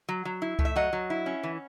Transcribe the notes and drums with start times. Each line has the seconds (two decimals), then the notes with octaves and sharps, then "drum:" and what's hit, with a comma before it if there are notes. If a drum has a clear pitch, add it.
0.09 F#3
0.25 F#3
0.42 E4
0.59 A3, drum: kick C#2
0.65 E5
0.76 F#3 D#5 F#5
0.93 F#3
1.10 E4
1.26 C#4
1.43 E3